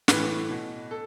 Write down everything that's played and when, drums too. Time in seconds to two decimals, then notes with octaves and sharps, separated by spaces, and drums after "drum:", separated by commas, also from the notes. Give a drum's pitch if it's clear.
0.08 A2 E3 B4, drum: snare
0.50 B2
0.91 A4